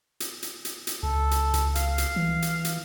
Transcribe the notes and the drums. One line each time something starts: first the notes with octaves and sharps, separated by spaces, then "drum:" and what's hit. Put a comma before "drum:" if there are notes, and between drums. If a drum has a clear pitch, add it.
drum: hi-hat
drum: hi-hat
drum: hi-hat
drum: hi-hat
C#2 A4
drum: hi-hat
C#2, drum: hi-hat
F5, drum: hi-hat
drum: hi-hat
E3
drum: hi-hat
drum: hi-hat